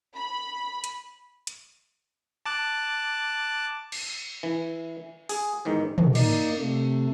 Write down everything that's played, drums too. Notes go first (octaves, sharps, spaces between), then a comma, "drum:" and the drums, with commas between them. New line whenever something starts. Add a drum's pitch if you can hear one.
B5
drum: hi-hat
drum: hi-hat
A5 D6 F#6
drum: cymbal
E3
G#4, drum: open hi-hat
E2 G#2 D#3
drum: tom
A#3 D#4 D5, drum: cymbal
C3 A3